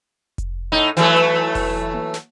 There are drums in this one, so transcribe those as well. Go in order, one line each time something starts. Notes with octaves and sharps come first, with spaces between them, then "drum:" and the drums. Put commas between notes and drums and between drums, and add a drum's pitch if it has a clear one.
drum: kick F1, hi-hat
A2 D#4
E3 F#3 A3, drum: snare
drum: hi-hat
drum: kick F1, open hi-hat
drum: tom A#3
drum: snare